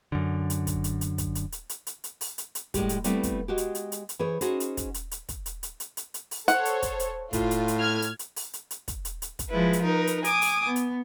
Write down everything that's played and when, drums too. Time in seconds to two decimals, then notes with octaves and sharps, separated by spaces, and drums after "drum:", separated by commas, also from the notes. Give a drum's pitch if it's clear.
0.12 F#2 D3
0.50 drum: hi-hat
0.67 drum: kick, hi-hat
0.84 drum: hi-hat
1.01 drum: hi-hat
1.18 drum: kick, hi-hat
1.35 drum: hi-hat
1.52 drum: hi-hat
1.69 drum: hi-hat
1.87 drum: hi-hat
2.04 drum: hi-hat
2.21 drum: open hi-hat
2.38 drum: hi-hat
2.55 drum: hi-hat
2.74 A2 G3 G#3 G4, drum: kick, hi-hat
2.89 drum: hi-hat
3.04 G3 A3 B3 C4 E4 B4, drum: hi-hat
3.23 drum: kick, hi-hat
3.48 G#3 F#4 G4
3.58 drum: hi-hat
3.75 drum: hi-hat
3.92 drum: hi-hat
4.09 drum: hi-hat
4.19 E3 G#4 C5 C#5
4.41 C#4 D#4 F#4 G#4 C5, drum: hi-hat
4.60 drum: hi-hat
4.77 drum: kick, hi-hat
4.94 drum: hi-hat
5.11 drum: hi-hat
5.29 drum: kick, hi-hat
5.46 drum: hi-hat
5.63 drum: hi-hat
5.80 drum: hi-hat
5.97 drum: hi-hat
6.14 drum: hi-hat
6.31 drum: open hi-hat
6.48 A4 C5 C#5 F#5, drum: hi-hat
6.65 drum: hi-hat
6.82 drum: kick, hi-hat
7.00 drum: hi-hat
7.33 A2 F4, drum: kick, hi-hat
7.51 drum: hi-hat
7.68 drum: hi-hat
7.80 F6 G#6
8.02 drum: hi-hat
8.19 drum: hi-hat
8.36 drum: open hi-hat
8.53 drum: hi-hat
8.71 drum: hi-hat
8.88 drum: kick, hi-hat
9.05 drum: hi-hat
9.22 drum: hi-hat
9.39 drum: kick, hi-hat
9.50 F3 G#3 E4 B4
9.73 drum: hi-hat
9.83 D#4 A#4 B4
10.07 drum: hi-hat
10.24 G#5 D6 D#6, drum: hi-hat
10.42 drum: open hi-hat
10.65 B3
10.76 drum: hi-hat